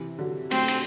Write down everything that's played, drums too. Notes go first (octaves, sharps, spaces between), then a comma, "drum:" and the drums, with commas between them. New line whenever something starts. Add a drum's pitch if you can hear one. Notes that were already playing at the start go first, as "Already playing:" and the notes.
Already playing: C3 E3
D3 F#3
F#3 A3 C4, drum: cymbal
drum: cymbal